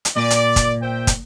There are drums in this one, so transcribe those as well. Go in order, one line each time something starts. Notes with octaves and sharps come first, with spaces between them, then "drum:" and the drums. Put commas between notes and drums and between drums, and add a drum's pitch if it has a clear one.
drum: hi-hat
A#2 D5
drum: hi-hat
drum: kick, hi-hat
C5 E5 G5
drum: kick, hi-hat